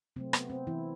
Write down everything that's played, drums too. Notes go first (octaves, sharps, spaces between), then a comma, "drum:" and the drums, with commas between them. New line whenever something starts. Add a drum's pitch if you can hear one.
C3 F#3 A3 C4
B3, drum: rim click
C4
E3 E4